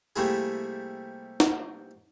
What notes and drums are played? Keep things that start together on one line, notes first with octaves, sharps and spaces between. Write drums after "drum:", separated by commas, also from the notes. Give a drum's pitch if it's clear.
C3 G3 A3 A#3 E4 G#4
drum: snare